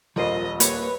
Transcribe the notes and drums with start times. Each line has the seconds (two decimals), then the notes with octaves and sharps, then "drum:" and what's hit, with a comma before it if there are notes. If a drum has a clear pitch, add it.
0.16 D#1 A#1 F2 F3 A#4 C5 D#5
0.60 A#3 G4 B4 C#5, drum: hi-hat